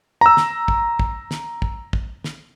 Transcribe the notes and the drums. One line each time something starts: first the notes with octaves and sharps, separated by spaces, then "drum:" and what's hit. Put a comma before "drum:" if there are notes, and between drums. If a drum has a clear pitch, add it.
A#5 E6
drum: snare
drum: kick
drum: kick
drum: snare
drum: kick
drum: kick
drum: snare